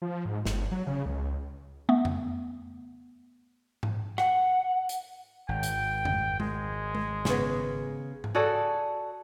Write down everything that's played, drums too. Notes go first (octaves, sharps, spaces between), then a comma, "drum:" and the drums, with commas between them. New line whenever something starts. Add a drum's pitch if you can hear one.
F3
G#2
G1, drum: snare
F#3
C#3
C#2
A3 B3
drum: tom F2
drum: tom G#2
F#5, drum: rim click
drum: hi-hat
G#1 G5
drum: hi-hat
drum: tom F2
G#3, drum: tom G#3
drum: tom G#3
C#3 B3, drum: snare
drum: tom G#2
F#4 G#4 A4 D5